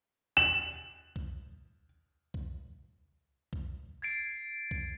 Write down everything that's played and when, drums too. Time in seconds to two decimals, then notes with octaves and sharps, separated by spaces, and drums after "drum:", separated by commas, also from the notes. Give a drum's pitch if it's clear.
0.37 E7 F#7
1.16 drum: kick C2
2.34 drum: kick C2
3.53 drum: kick C2
4.02 G#6 A6 C7 D7
4.71 drum: kick C2